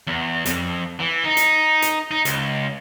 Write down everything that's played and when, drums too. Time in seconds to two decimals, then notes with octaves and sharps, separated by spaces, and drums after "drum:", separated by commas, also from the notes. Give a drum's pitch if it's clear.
0.07 E2
0.46 F2, drum: hi-hat
1.00 E3
1.24 D#4
1.37 drum: hi-hat
1.82 drum: hi-hat
2.11 D#4
2.25 C#2, drum: hi-hat